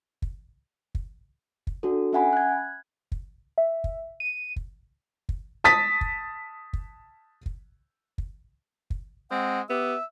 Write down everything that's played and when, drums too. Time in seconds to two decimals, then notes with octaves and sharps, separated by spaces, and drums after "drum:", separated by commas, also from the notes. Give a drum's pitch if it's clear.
0.22 drum: kick
0.95 drum: kick
1.67 drum: kick
1.83 D4 F#4 A4
2.13 C#4 E5 F#5 G#5 B5
2.33 F#6 G#6
3.12 drum: kick
3.58 E5
3.84 drum: kick
4.20 D#7
4.56 drum: kick
5.29 drum: kick
5.64 A5 D#6 A6 B6
6.01 drum: kick
6.73 drum: kick
7.46 drum: kick
8.18 drum: kick
8.90 drum: kick
9.31 G#3 C4 F#5
9.69 B3 G4 E5